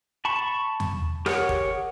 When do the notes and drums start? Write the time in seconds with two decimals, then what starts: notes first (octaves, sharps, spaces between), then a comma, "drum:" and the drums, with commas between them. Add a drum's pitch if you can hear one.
0.25 A5 B5 C#6
0.80 drum: tom E2
1.26 G4 G#4 A#4 C#5 F#5, drum: rim click
1.49 drum: kick